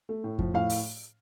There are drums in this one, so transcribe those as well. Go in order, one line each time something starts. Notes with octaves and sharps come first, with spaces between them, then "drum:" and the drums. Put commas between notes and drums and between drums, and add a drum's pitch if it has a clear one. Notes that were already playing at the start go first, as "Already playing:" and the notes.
A3
A2
F3, drum: kick F2
A2 F5
drum: open hi-hat